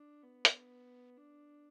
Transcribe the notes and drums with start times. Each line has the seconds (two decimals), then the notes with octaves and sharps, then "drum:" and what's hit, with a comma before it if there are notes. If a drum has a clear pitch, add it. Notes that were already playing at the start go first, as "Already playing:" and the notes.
Already playing: D4
0.24 B3
0.45 drum: hi-hat
1.17 D4